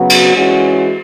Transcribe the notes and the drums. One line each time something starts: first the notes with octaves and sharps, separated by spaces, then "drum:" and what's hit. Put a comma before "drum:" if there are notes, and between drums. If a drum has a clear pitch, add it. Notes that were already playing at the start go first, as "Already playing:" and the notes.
Already playing: C#3 F#3 B3 F#4
drum: cymbal
E3 G#3 C#4 F#4